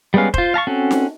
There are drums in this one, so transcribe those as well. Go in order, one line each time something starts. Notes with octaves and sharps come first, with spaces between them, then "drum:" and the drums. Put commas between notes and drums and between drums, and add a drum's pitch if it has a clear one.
G3 G#3 B3 C#4 F5
F4 C5, drum: kick F1
F5 A5 A#5 C#6
C4 C#4 F#4 A4
drum: snare D#4